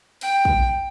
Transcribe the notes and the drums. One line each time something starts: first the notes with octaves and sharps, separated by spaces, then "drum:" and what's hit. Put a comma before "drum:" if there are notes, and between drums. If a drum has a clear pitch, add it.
G5, drum: open hi-hat
drum: kick